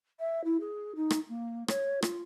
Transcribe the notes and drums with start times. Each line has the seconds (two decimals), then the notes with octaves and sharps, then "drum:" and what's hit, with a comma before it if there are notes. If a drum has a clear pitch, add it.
0.20 E5
0.44 E4
0.60 G#4
0.95 D#4
1.10 drum: rim click
1.29 A#3
1.68 C#5, drum: rim click
2.02 F4, drum: rim click